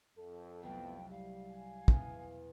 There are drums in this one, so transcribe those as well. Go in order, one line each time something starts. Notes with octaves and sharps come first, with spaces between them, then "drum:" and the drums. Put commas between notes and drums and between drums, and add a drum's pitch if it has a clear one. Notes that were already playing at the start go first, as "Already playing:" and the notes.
F2 A4
C2 F#3 A3 B3 G5
G3 F5
G#5
E2 B2, drum: kick